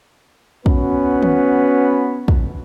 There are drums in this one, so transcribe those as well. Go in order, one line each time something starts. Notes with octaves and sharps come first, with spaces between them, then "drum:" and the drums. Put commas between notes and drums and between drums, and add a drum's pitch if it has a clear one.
B3 C#4 F#4 B4, drum: kick
drum: tom D#3
drum: kick